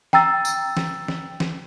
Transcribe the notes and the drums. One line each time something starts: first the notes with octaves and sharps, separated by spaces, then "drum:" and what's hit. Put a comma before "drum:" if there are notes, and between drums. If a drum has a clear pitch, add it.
G5 A#5 E6 A6, drum: snare
drum: tambourine
drum: snare
drum: snare
drum: snare